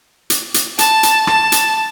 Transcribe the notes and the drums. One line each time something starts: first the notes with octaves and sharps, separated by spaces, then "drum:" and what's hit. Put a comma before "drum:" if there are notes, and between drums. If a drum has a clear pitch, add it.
drum: hi-hat
drum: hi-hat
A5, drum: hi-hat
drum: hi-hat
A5, drum: rim click
drum: hi-hat